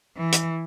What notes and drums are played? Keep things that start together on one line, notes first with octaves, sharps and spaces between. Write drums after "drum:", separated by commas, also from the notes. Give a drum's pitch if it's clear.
E3
drum: hi-hat